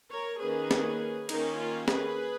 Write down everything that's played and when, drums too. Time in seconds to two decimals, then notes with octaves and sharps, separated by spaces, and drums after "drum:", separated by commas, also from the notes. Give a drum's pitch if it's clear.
0.11 A#4 C#5
0.42 D#3 A#3 C#4 G#4 B4
0.71 drum: snare
1.29 D#3 A#3 C#4 D#4, drum: cymbal
1.59 F4
1.88 G#4 B4, drum: snare